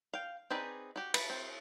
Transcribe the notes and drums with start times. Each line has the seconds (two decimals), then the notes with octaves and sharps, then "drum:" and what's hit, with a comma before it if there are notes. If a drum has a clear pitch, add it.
0.14 F5 G5
0.50 C4 D#4 G#4 B4 D5
0.96 F#4 G4
1.14 B4, drum: cymbal
1.30 C4